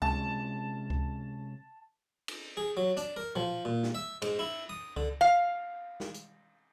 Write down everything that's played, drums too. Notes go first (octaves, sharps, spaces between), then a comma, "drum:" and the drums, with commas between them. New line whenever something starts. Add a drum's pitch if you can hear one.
C3 G#3 C#4 A5, drum: kick C#2
drum: kick C#2
drum: cymbal
G#4
F#3
D4, drum: hi-hat
A#4
F3, drum: tom
A#2
drum: snare
E5
G#2, drum: cymbal
E4
D#6
D3, drum: kick C#2
F5
drum: snare
drum: hi-hat